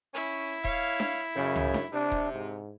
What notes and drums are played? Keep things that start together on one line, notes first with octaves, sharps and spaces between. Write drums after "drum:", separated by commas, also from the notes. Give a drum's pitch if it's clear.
C#4 E4
C#5 F5, drum: kick D#1
drum: snare D4
F#2 C#3
drum: tom C#2
drum: snare D4
C3 D4
drum: kick D#1
G#2